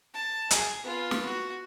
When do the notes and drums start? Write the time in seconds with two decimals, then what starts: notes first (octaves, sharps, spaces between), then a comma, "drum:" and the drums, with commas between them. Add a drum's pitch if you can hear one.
0.14 A5
0.51 G#4, drum: hi-hat
0.84 B3 F4
1.11 drum: snare
1.25 F#4